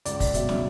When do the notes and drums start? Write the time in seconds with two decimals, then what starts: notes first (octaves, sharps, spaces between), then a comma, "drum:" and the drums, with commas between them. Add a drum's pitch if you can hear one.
0.05 C#2 D5, drum: hi-hat
0.20 drum: kick, open hi-hat
0.34 B2 F#3 E5, drum: hi-hat
0.49 drum: snare